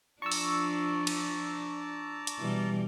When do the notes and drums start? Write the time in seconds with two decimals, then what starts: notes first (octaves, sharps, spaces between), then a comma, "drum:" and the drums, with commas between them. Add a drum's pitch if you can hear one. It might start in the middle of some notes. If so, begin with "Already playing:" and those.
0.22 F3 D4 D5 A5 A#5 C#6 E6
0.32 drum: open hi-hat
1.07 drum: cymbal
2.27 drum: hi-hat
2.39 B2 E3 G3